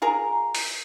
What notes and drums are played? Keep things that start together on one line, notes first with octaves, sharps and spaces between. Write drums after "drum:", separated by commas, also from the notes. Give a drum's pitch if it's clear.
F4 G#4 A#4 A#5
drum: open hi-hat